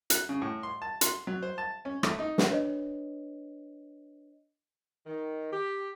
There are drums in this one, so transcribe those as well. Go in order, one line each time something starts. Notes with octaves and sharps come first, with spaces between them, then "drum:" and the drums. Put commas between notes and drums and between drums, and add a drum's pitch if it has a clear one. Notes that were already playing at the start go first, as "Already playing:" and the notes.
F#6, drum: hi-hat
C#3
A2
C6
A5
C6, drum: hi-hat
F#3
C5
A5
C#4
A3, drum: rim click
D#4
drum: snare
D4 B4 C#5 D#5
D#3
G4